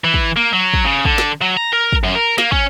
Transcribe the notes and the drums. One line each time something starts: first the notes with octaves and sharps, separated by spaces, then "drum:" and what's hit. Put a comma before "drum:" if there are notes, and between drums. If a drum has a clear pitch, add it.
E3
drum: kick
A#3
F#3
drum: kick
C#3
D3, drum: kick
drum: snare
F#3
A#5
A#4
drum: kick
F#2
A#4
A#3, drum: snare
C#4, drum: kick